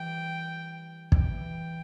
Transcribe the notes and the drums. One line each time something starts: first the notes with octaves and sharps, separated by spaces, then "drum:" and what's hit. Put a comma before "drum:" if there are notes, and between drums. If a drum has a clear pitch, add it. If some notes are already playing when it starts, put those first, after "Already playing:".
Already playing: E3 G3 G5
E3 G3 G5, drum: kick